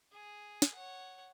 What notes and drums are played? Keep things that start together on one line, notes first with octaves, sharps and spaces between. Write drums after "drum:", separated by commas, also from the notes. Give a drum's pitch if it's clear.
G#4
drum: snare
C#5 F#5